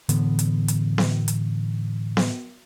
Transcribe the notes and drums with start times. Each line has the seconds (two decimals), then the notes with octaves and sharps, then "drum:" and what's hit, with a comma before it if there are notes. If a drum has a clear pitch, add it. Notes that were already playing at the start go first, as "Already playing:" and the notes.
0.09 A2 D3 E3 B3, drum: hi-hat
0.39 drum: hi-hat
0.68 drum: hi-hat
0.98 drum: snare B3
1.28 drum: hi-hat
2.17 drum: snare B3